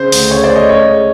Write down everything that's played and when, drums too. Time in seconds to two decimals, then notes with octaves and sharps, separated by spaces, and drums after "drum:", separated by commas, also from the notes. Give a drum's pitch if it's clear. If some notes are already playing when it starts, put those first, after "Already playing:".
Already playing: C#3 C5
0.12 D2, drum: open hi-hat
0.30 C#3 C#5
0.44 C5 D5
0.50 A3
0.55 C#5 D#5
0.69 C#3 C#5 D#5
0.88 G#3